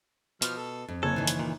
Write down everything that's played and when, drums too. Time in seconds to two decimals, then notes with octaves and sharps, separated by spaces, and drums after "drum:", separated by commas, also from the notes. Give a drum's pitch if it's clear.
0.42 B2 F3 F6, drum: hi-hat
0.57 A4
0.88 F2
1.03 F#1 A4 C#5 G#5
1.16 D#3 E3
1.27 drum: hi-hat
1.39 A#2